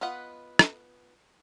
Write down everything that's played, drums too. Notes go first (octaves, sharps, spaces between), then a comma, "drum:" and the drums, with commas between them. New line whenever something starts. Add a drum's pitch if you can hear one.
B3 F4 B4 D#5 F#5
drum: rim click